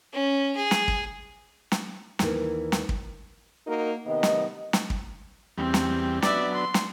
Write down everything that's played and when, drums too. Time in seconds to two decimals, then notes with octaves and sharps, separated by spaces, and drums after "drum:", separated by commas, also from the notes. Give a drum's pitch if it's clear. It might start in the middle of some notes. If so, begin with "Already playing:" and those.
0.13 C#4
0.57 G#4
0.71 drum: snare
0.88 drum: kick
1.72 drum: snare
2.19 D#2 E3 A#4, drum: snare
2.72 drum: snare
2.89 drum: kick
3.67 A#3 D#4 F#4 A#4
4.06 C3 D#3 B3 D#5
4.23 drum: snare
4.73 drum: snare
4.90 drum: kick
5.58 E2 G3 C4
5.74 drum: snare
6.22 F#3 B3 D4 D5 E5, drum: snare
6.54 C6
6.74 drum: snare